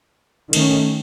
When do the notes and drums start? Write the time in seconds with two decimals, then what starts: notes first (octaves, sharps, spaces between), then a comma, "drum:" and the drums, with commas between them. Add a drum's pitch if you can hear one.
0.53 D#3 A3 C#4, drum: cymbal